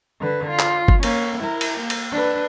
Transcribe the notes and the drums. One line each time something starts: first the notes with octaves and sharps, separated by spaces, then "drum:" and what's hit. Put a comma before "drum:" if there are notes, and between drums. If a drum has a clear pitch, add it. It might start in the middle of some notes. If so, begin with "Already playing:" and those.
D3 B4
F4
drum: clap
drum: kick G1
A#3 C#4, drum: cymbal
E4 A#4
drum: cymbal
A#3
drum: cymbal
D4 B4